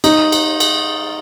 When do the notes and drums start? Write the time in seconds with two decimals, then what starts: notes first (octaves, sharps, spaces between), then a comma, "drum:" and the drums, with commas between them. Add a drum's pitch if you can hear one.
0.04 D#4, drum: cymbal
0.32 drum: cymbal
0.60 drum: cymbal